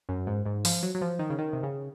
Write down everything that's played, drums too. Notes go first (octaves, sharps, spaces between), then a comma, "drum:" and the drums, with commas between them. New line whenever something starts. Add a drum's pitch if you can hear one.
F#2
G#2
G#2
F3, drum: open hi-hat
F#3
F#3
F3
D#3
C#3
D#3
C3
C#3